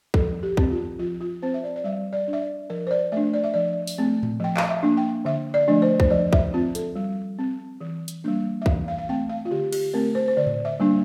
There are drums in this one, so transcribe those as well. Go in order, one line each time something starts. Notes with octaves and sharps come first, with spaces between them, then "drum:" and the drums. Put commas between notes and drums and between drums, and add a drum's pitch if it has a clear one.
F3 A4, drum: kick
G4
C4, drum: kick
F4
F3 F4
F4
C4 C5
E5
D5
D5
G3 E5
D5
D4
E5
D5
F3 A#4
C5
D5
A3 D4 E5
D5
E5
F3 D5
drum: open hi-hat
A3 C4
drum: tom A2
F3 G5
F5, drum: clap
E5
A#3 D4
G5
D3 E5
D5
F3 A3 D4
C5
C5, drum: kick
F3 D5
E5, drum: kick
C4 F4
A4, drum: hi-hat
G3
C4
E3
drum: hi-hat
G3 A#3 D4
E5
E3 F5, drum: kick
F5
F5
A3 C4 G5
F5
F4
D3 G4
G4, drum: cymbal
A3 C4 A#4
C5
C5
D3 D5
drum: tom A2
E5
G3 A#3 D4